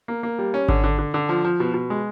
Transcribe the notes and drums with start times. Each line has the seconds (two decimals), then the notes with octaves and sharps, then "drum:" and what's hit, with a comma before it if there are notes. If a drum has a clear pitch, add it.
0.08 A#3
0.23 A#3
0.39 G3
0.54 C#4
0.68 D3, drum: kick G#1
0.84 D3
0.99 D3
1.14 D3
1.29 F3
1.44 F3
1.60 B2
1.74 B2
1.90 G#3